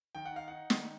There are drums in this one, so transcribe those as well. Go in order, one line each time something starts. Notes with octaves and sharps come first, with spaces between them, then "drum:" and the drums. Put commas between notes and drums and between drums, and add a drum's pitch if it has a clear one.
D#3 G5
F#5
D#4 F5
D#4 F#5
D#3, drum: snare